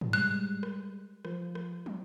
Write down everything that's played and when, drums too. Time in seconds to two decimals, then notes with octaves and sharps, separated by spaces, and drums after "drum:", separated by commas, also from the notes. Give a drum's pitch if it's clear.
0.01 drum: tom G#2
0.13 G3 G#3 F#6
0.63 drum: rim click
1.25 F3, drum: rim click
1.55 drum: rim click
1.86 drum: tom